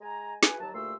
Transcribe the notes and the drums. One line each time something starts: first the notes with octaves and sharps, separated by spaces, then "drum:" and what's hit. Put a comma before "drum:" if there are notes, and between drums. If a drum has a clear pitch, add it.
G#3 G#5 A#5
E4 F#4 G#4 B4 G#5, drum: snare
D#2 F#3 A5
D2 A#2 A3 G4 C6 E6